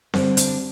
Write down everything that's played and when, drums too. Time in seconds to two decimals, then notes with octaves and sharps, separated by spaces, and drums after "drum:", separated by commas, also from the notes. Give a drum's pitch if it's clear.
0.14 D3 G3 C4 D4, drum: snare C4
0.37 D4, drum: hi-hat